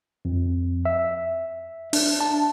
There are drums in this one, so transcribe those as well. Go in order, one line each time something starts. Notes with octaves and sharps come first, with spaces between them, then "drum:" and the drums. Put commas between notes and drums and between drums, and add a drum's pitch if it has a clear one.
F2
E5
D4, drum: open hi-hat
A5